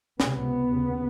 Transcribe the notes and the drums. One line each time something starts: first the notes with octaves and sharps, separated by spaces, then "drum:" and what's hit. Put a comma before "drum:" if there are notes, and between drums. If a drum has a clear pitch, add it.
C#2 C3 B3, drum: snare
D#2 C#3